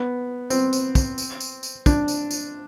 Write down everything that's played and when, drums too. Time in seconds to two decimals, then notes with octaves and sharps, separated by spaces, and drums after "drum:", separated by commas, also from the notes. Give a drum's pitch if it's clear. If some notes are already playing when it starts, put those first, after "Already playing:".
Already playing: B3
0.50 C4, drum: tambourine
0.73 drum: tambourine
0.95 drum: kick, tambourine
1.18 drum: tambourine
1.40 drum: tambourine
1.63 drum: tambourine
1.86 D4, drum: kick, tambourine
2.08 drum: tambourine
2.31 drum: tambourine